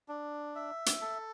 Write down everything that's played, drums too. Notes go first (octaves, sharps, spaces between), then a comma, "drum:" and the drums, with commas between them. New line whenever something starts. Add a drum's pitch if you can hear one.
D4
E5
drum: hi-hat
A4